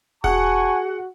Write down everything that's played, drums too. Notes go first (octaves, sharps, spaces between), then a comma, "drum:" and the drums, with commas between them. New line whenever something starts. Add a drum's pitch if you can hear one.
F#4 G#4 F#5 G#5 A5 C#6, drum: kick E1